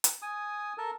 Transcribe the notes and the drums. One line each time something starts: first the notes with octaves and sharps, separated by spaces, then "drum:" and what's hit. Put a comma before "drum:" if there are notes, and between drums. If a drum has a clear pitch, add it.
drum: hi-hat
G#5 D#6
A4 A#4 A5